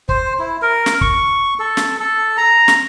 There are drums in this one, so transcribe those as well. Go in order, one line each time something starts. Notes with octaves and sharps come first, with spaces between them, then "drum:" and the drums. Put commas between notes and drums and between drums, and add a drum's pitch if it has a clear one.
C5, drum: kick
E4
A#4
drum: snare
C#6, drum: kick
A4
drum: snare
A4
A#5
drum: snare